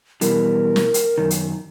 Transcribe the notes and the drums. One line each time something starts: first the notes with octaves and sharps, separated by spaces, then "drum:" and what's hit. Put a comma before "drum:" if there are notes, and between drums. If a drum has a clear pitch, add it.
B2 E3 G3 A#4, drum: hi-hat
drum: snare
drum: hi-hat
F#2 D#3
drum: hi-hat